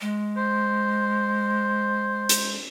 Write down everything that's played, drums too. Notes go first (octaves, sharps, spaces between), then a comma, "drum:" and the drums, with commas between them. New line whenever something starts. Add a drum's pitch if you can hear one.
G#3
C5
drum: hi-hat